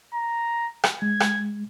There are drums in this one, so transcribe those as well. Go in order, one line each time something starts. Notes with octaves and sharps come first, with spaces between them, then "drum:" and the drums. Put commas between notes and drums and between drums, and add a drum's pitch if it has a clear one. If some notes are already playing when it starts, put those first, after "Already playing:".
A#5
drum: rim click
G#3 G#6
drum: rim click